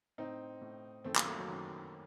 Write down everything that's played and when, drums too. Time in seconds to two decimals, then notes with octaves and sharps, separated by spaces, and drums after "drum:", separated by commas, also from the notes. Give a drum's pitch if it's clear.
0.18 A2 C4 D#4
0.61 A2
1.04 F#2 D#3 A3 C4
1.16 F#3 A#3, drum: clap
1.26 A3
1.37 F#3
1.48 F#2 D#3